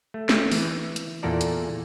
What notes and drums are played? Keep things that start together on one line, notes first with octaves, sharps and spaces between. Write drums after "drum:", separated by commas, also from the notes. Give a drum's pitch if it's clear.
A3
drum: snare
E3, drum: open hi-hat
drum: hi-hat
E2 A#2 A#3 A4 A#4 D5
drum: hi-hat